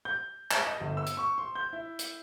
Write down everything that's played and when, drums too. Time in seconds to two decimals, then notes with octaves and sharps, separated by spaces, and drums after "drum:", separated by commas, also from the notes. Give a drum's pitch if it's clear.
0.05 G6
0.51 E7, drum: clap
0.67 D#5
0.81 G1
0.97 E6
1.07 drum: hi-hat
1.17 C#6
1.38 C6
1.55 G6
1.73 E4
1.99 drum: hi-hat